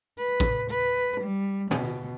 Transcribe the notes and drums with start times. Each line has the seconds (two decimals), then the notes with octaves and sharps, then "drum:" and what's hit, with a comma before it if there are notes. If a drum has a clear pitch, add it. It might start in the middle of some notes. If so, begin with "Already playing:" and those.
0.17 B4
0.40 drum: kick
0.71 B4
1.21 G3
1.71 B2, drum: tom